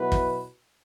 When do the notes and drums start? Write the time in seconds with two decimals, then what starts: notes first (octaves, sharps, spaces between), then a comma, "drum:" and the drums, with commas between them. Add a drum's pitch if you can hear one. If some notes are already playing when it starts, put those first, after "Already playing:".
Already playing: B2 F#3 B3 E4 B4
0.12 drum: kick